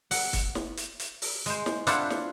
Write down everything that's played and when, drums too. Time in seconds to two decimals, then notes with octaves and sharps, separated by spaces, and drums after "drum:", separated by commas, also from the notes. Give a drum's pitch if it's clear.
0.11 F#5, drum: open hi-hat
0.33 drum: kick, hi-hat
0.55 drum: snare
0.77 drum: hi-hat
1.00 drum: hi-hat
1.22 drum: open hi-hat
1.46 G#3 C5, drum: hi-hat
1.66 drum: snare
1.87 D4 E4 F4 A4 C5 F#5, drum: hi-hat
2.10 drum: snare